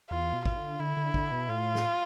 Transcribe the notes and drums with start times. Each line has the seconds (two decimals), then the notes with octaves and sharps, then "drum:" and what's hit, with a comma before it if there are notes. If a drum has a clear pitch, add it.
0.10 E2 F4
0.33 B2
0.45 F4, drum: kick
0.56 D3
0.79 D3 E4
0.97 D3
1.14 D3, drum: kick
1.31 B2
1.49 A2 F4
1.75 drum: snare